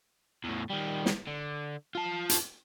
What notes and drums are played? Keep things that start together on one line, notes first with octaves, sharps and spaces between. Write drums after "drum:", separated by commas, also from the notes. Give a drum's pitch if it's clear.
E2 A2
D#3 G3
drum: snare
D3
F4 A5
drum: hi-hat